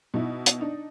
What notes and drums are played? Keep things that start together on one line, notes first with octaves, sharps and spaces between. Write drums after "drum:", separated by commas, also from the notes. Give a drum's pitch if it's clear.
B2 D#4 E4
drum: hi-hat
D4 D#4